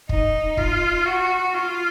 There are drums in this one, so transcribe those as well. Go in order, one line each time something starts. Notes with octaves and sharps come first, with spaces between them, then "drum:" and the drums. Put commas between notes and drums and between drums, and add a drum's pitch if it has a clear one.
D#4, drum: kick
F4, drum: kick
F#4
F4